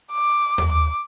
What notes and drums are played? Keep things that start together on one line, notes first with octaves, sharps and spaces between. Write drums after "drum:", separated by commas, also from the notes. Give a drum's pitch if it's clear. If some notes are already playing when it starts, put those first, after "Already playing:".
D6
drum: tom D#2
D6